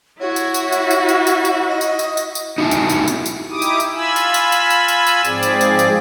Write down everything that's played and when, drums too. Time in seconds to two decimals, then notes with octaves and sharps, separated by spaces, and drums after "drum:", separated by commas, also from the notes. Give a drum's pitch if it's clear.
0.20 E4 F#4 C#5
0.36 drum: tambourine
0.54 drum: tambourine
0.72 drum: tambourine
0.91 drum: tambourine
1.09 drum: tambourine
1.27 drum: tambourine
1.45 drum: tambourine
1.69 D#5
1.81 drum: tambourine
1.99 drum: tambourine
2.17 drum: tambourine
2.35 drum: tambourine
2.58 D#4 E4 F#4 E5 G#5 A5
2.71 drum: tambourine
2.89 drum: tambourine
3.08 drum: tambourine
3.26 drum: tambourine
3.50 D#4 E4 G4 D6 D#6
3.62 drum: tambourine
3.80 drum: tambourine
3.95 F4 G#5 B5 E6
4.16 drum: tambourine
4.34 drum: tambourine
4.52 drum: tambourine
4.70 drum: tambourine
4.88 drum: tambourine
5.07 drum: tambourine
5.25 G#2 F3 C4 G#4 D5, drum: tambourine
5.43 drum: tambourine
5.61 drum: tambourine
5.79 drum: tambourine